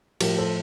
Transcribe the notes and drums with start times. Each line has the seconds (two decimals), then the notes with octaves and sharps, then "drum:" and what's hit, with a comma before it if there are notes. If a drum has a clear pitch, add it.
0.21 A2 F3 G4 A#4, drum: cymbal
0.38 A4 C5